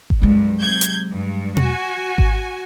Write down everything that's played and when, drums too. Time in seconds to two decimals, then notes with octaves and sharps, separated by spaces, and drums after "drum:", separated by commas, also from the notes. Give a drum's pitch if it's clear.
0.10 drum: kick G#1
0.22 C2 G2 F#3 G#3
0.61 C3 G6 G#6
0.81 drum: hi-hat
1.10 G2
1.57 F#4 G#5, drum: tom B2
2.18 drum: kick G#1